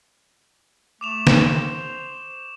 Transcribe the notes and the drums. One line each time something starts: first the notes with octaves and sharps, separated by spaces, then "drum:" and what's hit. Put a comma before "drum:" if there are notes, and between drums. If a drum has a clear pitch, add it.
A3 D6 E7 F7
drum: snare
C5 C#6